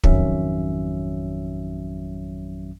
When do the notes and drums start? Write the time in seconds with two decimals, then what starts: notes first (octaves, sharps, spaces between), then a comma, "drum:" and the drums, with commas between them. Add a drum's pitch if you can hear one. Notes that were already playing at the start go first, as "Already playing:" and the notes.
0.04 G#1 F2 D#3 F#3 C#4 E5, drum: kick